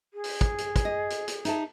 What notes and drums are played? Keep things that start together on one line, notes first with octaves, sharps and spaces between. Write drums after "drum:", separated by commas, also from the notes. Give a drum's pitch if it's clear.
G#4
drum: open hi-hat
drum: kick, hi-hat
drum: hi-hat
drum: kick, hi-hat
D#5
drum: hi-hat
drum: hi-hat
D#4 E5 A5, drum: hi-hat